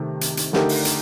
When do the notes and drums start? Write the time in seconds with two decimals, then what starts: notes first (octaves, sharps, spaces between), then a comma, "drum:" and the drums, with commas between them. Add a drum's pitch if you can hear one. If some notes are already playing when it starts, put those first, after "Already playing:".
Already playing: C3 D#3 A3 D#4
0.21 drum: hi-hat
0.37 drum: hi-hat
0.53 D3 A3 D#4 G4 A#4, drum: snare
0.69 drum: open hi-hat
0.85 drum: hi-hat